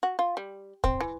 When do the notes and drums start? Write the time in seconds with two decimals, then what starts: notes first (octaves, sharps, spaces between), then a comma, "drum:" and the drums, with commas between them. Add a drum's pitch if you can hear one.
0.03 F#4
0.19 F4
0.37 G3
0.84 C4, drum: kick
1.01 E3